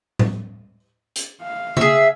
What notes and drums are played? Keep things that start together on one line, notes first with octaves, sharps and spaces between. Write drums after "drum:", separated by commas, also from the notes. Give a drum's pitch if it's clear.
drum: tom A2
drum: hi-hat
F5
G#4 E5, drum: tom C#3